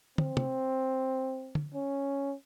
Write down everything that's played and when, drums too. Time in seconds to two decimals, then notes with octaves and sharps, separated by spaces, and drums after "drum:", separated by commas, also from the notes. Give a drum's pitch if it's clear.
0.18 C4, drum: tom
0.37 drum: tom
1.55 drum: tom
1.74 C#4